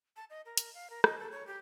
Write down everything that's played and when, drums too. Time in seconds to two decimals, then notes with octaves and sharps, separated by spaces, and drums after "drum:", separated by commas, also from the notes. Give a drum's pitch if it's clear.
0.16 A5
0.30 D#5
0.46 A#4
0.57 drum: hi-hat
0.74 F5
0.90 A#4
1.04 D#5, drum: rim click
1.19 A4
1.32 C#5
1.47 G4